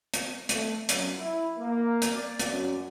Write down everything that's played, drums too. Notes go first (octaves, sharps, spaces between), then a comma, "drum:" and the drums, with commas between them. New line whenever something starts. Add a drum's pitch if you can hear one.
drum: hi-hat
A3, drum: hi-hat
F#2, drum: hi-hat
E4
A#3
drum: hi-hat
D5
drum: hi-hat
F#2